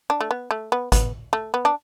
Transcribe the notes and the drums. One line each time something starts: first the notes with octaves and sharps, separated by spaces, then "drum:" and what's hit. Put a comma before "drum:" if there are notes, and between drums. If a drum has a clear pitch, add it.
D4
A3
B3
A3
B3
B3, drum: kick G#1, hi-hat
A3
B3
D4